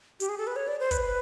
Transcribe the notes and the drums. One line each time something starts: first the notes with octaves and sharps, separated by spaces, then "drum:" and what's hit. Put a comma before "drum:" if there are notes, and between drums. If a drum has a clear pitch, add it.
G4, drum: hi-hat
G#4
A4
B4
C#5
D5
C5
B4, drum: kick, hi-hat